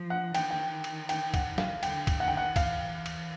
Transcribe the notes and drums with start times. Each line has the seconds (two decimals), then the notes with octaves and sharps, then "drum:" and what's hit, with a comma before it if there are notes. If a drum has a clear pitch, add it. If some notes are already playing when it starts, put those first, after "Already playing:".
Already playing: F3
0.10 F#5
0.34 D#3 G5, drum: cymbal
0.51 G5
0.84 drum: cymbal
1.09 G5, drum: cymbal
1.34 F#5, drum: kick, cymbal
1.58 F5, drum: snare
1.83 D3 G5, drum: cymbal
2.07 drum: kick, cymbal
2.20 D#3 F#5
2.28 G5
2.37 F#5
2.56 E3 F5, drum: kick, cymbal
3.06 drum: cymbal